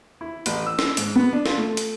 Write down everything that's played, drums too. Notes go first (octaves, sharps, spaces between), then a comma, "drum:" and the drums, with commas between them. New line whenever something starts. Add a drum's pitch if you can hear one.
E4
A1, drum: hi-hat
E6
drum: snare
G#2, drum: hi-hat
B3
D4
F4, drum: snare
A3
drum: hi-hat